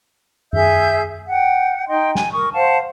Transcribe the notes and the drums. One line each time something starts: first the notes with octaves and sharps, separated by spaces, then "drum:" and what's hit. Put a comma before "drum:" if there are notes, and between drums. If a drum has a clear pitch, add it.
G#4 E5 E6 G6, drum: tom F#2
F#5 G5
D#4 D#5 G5 C6
G#5, drum: snare
A#4 C#6 D#6
C5 F5 F#5 A5